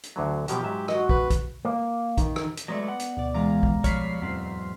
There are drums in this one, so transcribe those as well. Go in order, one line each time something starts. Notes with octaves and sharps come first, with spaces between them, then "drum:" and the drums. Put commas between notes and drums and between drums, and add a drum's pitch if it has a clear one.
drum: hi-hat
D2 D3 F#3
B2 F3 F#3 G4, drum: hi-hat
G#2 F#3 E5
F#4 D#5, drum: rim click
B4, drum: kick
drum: kick, hi-hat
A#3
D#3, drum: kick, hi-hat
drum: rim click
drum: hi-hat
F#3 G#3 A3 B3 D5
F#5
drum: hi-hat
D2 B2 D5
E2 G#3 F5 A#5
drum: kick
F3 G3 C#5 F6 B6 C7, drum: kick, hi-hat
E2 G#2 F#3 C4